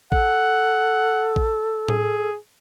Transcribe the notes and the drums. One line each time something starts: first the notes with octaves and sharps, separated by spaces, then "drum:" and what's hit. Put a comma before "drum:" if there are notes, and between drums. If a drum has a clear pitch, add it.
A4 F#5, drum: kick
drum: kick
G#4, drum: tom A2